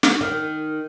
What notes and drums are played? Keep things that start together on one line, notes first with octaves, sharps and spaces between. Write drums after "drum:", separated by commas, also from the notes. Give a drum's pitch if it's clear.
drum: snare
D#3